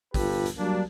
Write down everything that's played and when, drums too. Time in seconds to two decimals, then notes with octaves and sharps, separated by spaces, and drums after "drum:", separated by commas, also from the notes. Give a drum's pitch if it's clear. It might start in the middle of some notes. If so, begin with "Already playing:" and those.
0.14 G1 F4 G4 A4 B4, drum: kick, open hi-hat
0.46 drum: hi-hat
0.58 F#3 G3 A#3 D4